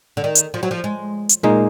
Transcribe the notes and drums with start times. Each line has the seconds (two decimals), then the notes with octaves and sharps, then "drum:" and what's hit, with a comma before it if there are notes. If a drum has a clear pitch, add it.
0.17 D3
0.24 D#3
0.35 drum: hi-hat
0.54 F3
0.63 F#3
0.71 F3
0.84 G#3
1.29 drum: hi-hat
1.43 A#2 G#3 A#3 D#4